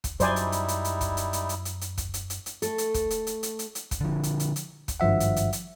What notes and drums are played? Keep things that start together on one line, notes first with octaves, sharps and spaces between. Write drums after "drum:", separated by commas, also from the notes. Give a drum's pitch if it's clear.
drum: kick, hi-hat
F#2 F#3 G3 D#4 E4 C5 D5 G#5, drum: hi-hat
drum: hi-hat
drum: hi-hat
drum: hi-hat
drum: hi-hat
drum: kick, hi-hat
drum: hi-hat
drum: hi-hat
drum: hi-hat
drum: hi-hat
drum: hi-hat
drum: kick, hi-hat
drum: hi-hat
drum: hi-hat
drum: hi-hat
A3 A4, drum: hi-hat
drum: hi-hat
drum: kick, hi-hat
drum: hi-hat
drum: hi-hat
drum: hi-hat
drum: hi-hat
drum: hi-hat
drum: kick, hi-hat
D3 F3
drum: hi-hat
drum: hi-hat
drum: hi-hat
drum: kick, hi-hat
G#1 G2 F3 E5 F#5
drum: hi-hat
drum: hi-hat
drum: hi-hat